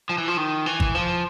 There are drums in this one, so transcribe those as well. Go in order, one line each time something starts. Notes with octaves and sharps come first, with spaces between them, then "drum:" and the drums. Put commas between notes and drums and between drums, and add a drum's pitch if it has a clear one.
F3
E3
F3
D#3
E3
drum: kick G#1
F3